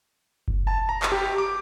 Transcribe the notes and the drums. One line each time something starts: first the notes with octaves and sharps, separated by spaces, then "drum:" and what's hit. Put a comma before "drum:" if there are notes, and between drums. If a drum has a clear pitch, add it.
drum: kick F#1
A5
A#5
drum: clap
G4
D6